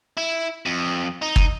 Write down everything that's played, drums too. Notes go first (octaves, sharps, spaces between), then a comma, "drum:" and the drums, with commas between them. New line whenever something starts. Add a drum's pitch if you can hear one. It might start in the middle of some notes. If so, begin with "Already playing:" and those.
E4
F2
D#4
drum: kick